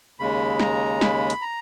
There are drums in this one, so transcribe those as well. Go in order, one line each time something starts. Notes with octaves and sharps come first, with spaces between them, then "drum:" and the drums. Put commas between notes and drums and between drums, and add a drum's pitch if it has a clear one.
D#2 C#3 G#3 B5
A#5, drum: snare
B5, drum: snare
drum: hi-hat
A#5